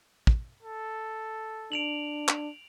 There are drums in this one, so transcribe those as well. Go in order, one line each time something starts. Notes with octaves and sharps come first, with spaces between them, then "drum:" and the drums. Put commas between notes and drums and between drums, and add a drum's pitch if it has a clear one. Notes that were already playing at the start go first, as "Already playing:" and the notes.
drum: kick
A4
D4 D7 F7 F#7
drum: clap